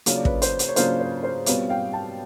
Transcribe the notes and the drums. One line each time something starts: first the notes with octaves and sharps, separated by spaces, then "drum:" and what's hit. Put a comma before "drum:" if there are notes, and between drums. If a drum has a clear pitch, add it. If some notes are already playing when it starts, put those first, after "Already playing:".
C#3 F#3 A#3 D4 F4 C#5, drum: hi-hat
D5
B4 C#5, drum: kick
C5, drum: hi-hat
drum: hi-hat
C#5
C#3 F#3 A#3 D4 F4 C5, drum: hi-hat
C5
C5
B2 G3 C4 F4 B4 C#5, drum: hi-hat
F5 G5
G5 A5